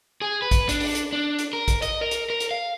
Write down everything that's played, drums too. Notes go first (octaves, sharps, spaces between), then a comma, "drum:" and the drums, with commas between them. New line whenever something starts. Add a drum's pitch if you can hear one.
G#4
B4
drum: kick A#1, hi-hat
D4, drum: hi-hat
drum: open hi-hat
drum: hi-hat
D4
drum: hi-hat
A#4
drum: kick A#1, hi-hat
D#5, drum: hi-hat
A#4
drum: hi-hat
A#4
drum: hi-hat
F5